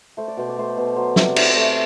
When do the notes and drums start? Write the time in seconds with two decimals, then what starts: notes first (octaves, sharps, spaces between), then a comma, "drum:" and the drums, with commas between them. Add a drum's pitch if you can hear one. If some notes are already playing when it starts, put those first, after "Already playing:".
0.17 A3 C5
0.28 D5
0.37 B2 C5
0.49 D5
0.58 A3 C5
0.77 B2
0.96 F#3 C5
1.16 C3, drum: snare
1.23 D5
1.36 C3, drum: cymbal
1.50 C5
1.56 A3